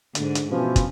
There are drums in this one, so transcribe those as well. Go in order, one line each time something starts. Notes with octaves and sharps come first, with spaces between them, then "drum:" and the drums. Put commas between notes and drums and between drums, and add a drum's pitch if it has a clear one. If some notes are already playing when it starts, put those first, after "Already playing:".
G#2 D3, drum: hi-hat
drum: hi-hat
B2 E3 F3 C#4
drum: kick, hi-hat